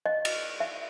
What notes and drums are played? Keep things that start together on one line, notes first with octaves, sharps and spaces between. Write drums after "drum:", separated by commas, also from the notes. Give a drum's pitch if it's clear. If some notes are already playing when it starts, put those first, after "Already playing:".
D#5
drum: cymbal
E5